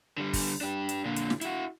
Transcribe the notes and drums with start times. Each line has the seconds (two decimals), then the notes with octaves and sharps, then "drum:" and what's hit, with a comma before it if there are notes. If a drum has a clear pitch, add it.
0.18 D3 G3
0.33 drum: kick, open hi-hat
0.61 D4 G4
0.89 drum: hi-hat
1.05 A#2 D3
1.16 drum: hi-hat
1.30 drum: snare
1.41 E4 F#4, drum: hi-hat